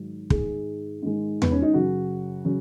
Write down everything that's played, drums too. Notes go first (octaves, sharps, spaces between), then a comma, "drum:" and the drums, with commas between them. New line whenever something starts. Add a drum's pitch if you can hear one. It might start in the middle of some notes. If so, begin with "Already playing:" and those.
Already playing: G#2 D#3 F#3
G#2 D#3 G#3 G#4, drum: kick
G#2 D#3 G#3
B3, drum: tom E2
C#4
D#4
F#2 C#3 F#3 F#4
C#3 F#3